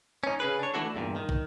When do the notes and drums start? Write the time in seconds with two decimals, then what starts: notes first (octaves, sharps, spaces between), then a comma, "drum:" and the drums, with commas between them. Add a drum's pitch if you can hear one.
0.24 C#4 D#4
0.40 C#3 C#4 G#4 B4
0.59 D4 C#5
0.74 E3 A3 D4 E4 F#4 A4
0.95 E2 G2 A#2
1.16 D#3
1.29 drum: kick